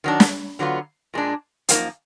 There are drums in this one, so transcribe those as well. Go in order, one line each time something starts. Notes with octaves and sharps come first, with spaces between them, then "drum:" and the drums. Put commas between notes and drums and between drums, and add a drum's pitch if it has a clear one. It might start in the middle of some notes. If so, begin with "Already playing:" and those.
D#3 F#3 D4
drum: snare
D3 F#3 B3 F4
A#2 G#3 D4
F#2 F3 A#3 D#4, drum: hi-hat